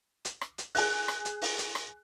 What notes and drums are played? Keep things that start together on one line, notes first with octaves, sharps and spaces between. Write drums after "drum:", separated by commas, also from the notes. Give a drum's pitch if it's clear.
drum: hi-hat
drum: rim click
drum: hi-hat
G#4 F#6, drum: open hi-hat
drum: rim click
drum: hi-hat
drum: open hi-hat
drum: hi-hat
drum: rim click